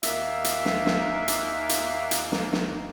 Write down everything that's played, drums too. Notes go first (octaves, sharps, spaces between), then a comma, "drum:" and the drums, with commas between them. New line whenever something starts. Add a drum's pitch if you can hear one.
D#2 D#3 A#3 E5, drum: hi-hat
drum: hi-hat
drum: snare
drum: snare
drum: hi-hat
drum: hi-hat
drum: hi-hat
drum: snare
drum: snare